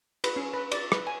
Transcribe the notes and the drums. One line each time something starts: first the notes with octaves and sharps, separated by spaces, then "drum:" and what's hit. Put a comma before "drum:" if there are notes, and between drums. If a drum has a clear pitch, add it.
B4, drum: cymbal
C#4
B4
D5, drum: cymbal
B4, drum: rim click
G#5